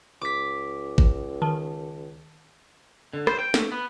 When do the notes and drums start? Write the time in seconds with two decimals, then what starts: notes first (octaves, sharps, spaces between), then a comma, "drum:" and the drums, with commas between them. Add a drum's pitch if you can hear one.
0.21 C#2 D6 B6
0.98 drum: kick G#1
1.42 D#3 A5
3.13 D3
3.27 C5, drum: rim click
3.39 G5
3.54 A3, drum: snare
3.72 B3